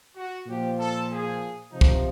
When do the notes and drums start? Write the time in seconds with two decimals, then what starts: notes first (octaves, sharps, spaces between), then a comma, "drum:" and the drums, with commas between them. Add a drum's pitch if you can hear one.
0.16 F#4
0.46 A#2 F3 G4
0.77 A4
1.10 G#4
1.71 C3 F3 D#4
1.81 drum: kick